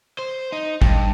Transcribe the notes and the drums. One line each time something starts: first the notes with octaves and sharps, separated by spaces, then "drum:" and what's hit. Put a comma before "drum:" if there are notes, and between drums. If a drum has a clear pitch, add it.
C5
D#4
G2, drum: kick